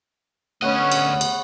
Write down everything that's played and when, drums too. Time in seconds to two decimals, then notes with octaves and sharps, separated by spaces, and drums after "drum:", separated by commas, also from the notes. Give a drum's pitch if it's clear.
0.62 D2 A3 B3 C#4 C#5 D#5 F#5
0.92 drum: cymbal
1.21 drum: cymbal